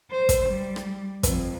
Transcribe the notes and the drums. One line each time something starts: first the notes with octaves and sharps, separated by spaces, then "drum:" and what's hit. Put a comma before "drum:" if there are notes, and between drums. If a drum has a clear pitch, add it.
C5
drum: kick, hi-hat
G3
drum: rim click
F2, drum: kick, hi-hat